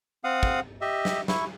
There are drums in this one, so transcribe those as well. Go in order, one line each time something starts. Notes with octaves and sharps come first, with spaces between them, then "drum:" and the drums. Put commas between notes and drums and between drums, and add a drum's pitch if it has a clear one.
C4 F5 F#5 D#6
drum: kick
G4 D#5 E5
drum: snare
E4 C#6, drum: snare